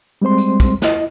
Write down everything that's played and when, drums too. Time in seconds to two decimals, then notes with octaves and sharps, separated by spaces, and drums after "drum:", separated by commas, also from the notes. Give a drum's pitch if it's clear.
0.22 G3 G#3 C4 C5 C6
0.38 drum: tambourine
0.60 drum: kick, tambourine
0.82 E4 D#5, drum: snare